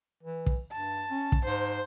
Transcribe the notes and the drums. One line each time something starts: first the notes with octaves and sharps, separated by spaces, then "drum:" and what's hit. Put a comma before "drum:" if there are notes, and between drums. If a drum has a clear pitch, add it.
E3
drum: kick
G2 A5
C#4
drum: kick
G#2 C5